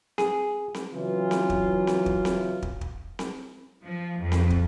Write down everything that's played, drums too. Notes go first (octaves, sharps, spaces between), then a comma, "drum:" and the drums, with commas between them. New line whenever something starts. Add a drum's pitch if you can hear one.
G#4, drum: snare C4
drum: snare C4
C#3 E3 F#3 F4
drum: snare C4
drum: kick
drum: snare C4
drum: kick
drum: snare C4
drum: kick
drum: kick
drum: snare C4
F3
F2
drum: snare C4
drum: kick